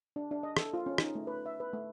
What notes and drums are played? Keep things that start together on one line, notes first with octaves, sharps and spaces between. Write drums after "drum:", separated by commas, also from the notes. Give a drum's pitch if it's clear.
D4
D4
D#5
A4, drum: rim click
F4
C#4
D#4, drum: rim click
A3
B4
E5
B4
A3